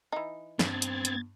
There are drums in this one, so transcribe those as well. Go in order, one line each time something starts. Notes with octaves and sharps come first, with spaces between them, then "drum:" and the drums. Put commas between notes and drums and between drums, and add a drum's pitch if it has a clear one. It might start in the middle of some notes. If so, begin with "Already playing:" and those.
E3 D#4
G2 B3 C4 G#6 A6, drum: snare
drum: hi-hat
drum: hi-hat